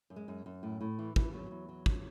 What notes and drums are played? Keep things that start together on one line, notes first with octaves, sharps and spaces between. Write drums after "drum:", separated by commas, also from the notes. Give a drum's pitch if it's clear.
F#2
G#3
F#2
F#2
A2
A2
E3
E3, drum: kick
E2 F#3
E2
F#3
drum: kick